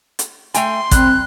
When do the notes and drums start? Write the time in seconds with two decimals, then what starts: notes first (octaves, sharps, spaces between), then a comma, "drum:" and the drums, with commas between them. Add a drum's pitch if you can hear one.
0.19 drum: hi-hat
0.54 A3 G5 G#5 C6, drum: hi-hat
0.91 G3 C4 F#6, drum: kick, hi-hat